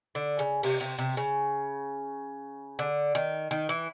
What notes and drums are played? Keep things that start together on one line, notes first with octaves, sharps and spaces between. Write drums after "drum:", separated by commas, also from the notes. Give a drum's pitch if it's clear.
D3
C#3
C3, drum: open hi-hat
C3
C3
C#3
D3
D#3
D#3
E3